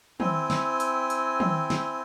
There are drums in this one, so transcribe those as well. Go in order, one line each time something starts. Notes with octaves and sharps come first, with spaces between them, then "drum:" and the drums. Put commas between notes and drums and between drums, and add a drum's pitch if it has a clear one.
C4 E4 G5 G#5, drum: tom
drum: snare
drum: hi-hat
drum: hi-hat
drum: tom
drum: snare